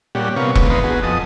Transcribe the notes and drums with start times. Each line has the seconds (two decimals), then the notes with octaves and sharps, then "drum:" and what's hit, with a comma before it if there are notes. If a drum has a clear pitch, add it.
0.15 A#2 G3 C#4 G4 D5 F#5
0.36 C3 B3 C#4 A#4 F5 C#6
0.55 D2 G#2 B3, drum: kick E1
0.70 E2 B3 B4 D#5 A#5 C6
0.84 B3 F#4 G#4
1.03 F2 D#5 A5 D#6